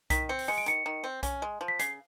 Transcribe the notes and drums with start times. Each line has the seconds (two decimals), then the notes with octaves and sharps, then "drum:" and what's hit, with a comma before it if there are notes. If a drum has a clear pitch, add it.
0.10 D#3 B6, drum: kick B1, hi-hat
0.29 C4 C#7
0.39 drum: open hi-hat
0.48 G#3 C#7
0.58 D7
0.66 D#3 C#7, drum: hi-hat
0.86 D#3
1.04 C4
1.23 C#4, drum: kick B1, hi-hat
1.42 G#3
1.61 F3
1.68 B6
1.79 C#3 C7, drum: hi-hat